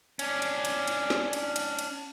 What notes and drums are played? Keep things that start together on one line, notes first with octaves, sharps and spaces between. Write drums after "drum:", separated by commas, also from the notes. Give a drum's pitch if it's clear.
C#4 D4, drum: cymbal
drum: cymbal
drum: cymbal
drum: cymbal
drum: snare
drum: cymbal
drum: cymbal
drum: cymbal